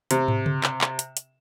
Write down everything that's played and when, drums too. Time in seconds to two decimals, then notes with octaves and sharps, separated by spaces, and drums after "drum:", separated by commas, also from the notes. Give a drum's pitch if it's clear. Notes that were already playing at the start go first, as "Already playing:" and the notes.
0.11 C3, drum: hi-hat
0.28 drum: tom
0.46 drum: tom C#3
0.64 drum: clap
0.81 drum: clap
0.99 drum: hi-hat
1.17 drum: hi-hat